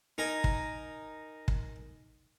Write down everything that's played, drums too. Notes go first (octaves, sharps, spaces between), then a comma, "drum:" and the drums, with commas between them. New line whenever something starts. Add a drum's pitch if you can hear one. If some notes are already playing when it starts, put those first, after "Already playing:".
D#4 A#4 G#5
drum: kick
drum: kick